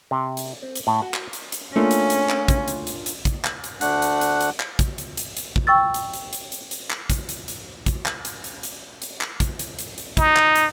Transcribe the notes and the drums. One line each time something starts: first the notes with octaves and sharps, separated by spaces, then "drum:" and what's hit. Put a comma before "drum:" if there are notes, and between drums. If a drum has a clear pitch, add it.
C3
drum: hi-hat
C4
drum: hi-hat
A2
F#4
drum: clap
drum: hi-hat
drum: hi-hat
A3 A#3 C#4 D4 F4 A#4
drum: hi-hat
drum: hi-hat
drum: clap
drum: kick, hi-hat
drum: hi-hat
drum: hi-hat
drum: hi-hat
drum: kick, hi-hat
drum: clap
drum: hi-hat
D2 A3 D4 F#5 F#6, drum: hi-hat
drum: hi-hat
drum: hi-hat
drum: hi-hat
drum: clap
drum: kick, hi-hat
drum: hi-hat
drum: hi-hat
drum: hi-hat
drum: kick
G5 C#6 E6 A6
drum: hi-hat
drum: hi-hat
drum: hi-hat
drum: hi-hat
drum: hi-hat
drum: clap
drum: kick, hi-hat
drum: hi-hat
drum: hi-hat
drum: kick, hi-hat
drum: clap
drum: hi-hat
drum: hi-hat
drum: hi-hat
drum: hi-hat
drum: clap
drum: kick, hi-hat
drum: hi-hat
drum: hi-hat
drum: hi-hat
D#4, drum: kick, hi-hat
drum: clap
drum: hi-hat